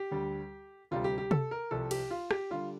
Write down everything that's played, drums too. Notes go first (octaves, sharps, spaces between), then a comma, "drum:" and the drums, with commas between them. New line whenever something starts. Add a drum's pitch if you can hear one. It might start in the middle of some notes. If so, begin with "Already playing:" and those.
Already playing: G4
D2 D3 G3
D2 C3 G3 F4
G4
G4
A4, drum: tom C3
A#4
C2 C3 F3 A4
G4, drum: cymbal
F4
G4, drum: rim click
D3 G3 F4